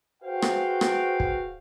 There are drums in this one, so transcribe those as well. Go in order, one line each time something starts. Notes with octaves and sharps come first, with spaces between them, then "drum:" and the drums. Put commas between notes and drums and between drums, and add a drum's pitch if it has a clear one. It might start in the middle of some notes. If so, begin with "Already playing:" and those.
F#4 G#4 B4 C5 F5 G5
drum: rim click
drum: rim click
drum: kick